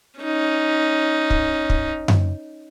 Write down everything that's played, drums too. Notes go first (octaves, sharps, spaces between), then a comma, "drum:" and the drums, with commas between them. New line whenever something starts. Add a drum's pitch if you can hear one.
C#4 D#4
drum: kick
drum: kick
drum: tom F#2